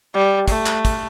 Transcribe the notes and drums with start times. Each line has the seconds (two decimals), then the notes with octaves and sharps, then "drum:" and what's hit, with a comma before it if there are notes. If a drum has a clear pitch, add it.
0.14 G3
0.48 A3, drum: kick, hi-hat
0.66 drum: clap
0.85 drum: kick, hi-hat